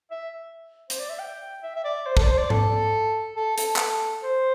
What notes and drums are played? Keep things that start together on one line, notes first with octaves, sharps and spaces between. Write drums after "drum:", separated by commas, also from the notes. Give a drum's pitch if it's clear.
E5
C5, drum: hi-hat
D5
E5
G5
E5
E5
D5
C5
A4, drum: kick
D5
C5
D5
A4, drum: tom G#2
A4
A4, drum: hi-hat
drum: clap
C5